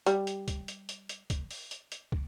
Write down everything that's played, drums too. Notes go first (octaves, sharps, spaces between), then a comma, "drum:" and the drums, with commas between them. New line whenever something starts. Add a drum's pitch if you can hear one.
G3, drum: hi-hat
drum: hi-hat
drum: kick, hi-hat
drum: hi-hat
drum: hi-hat
drum: hi-hat
drum: kick, hi-hat
drum: open hi-hat
drum: hi-hat
drum: hi-hat
drum: kick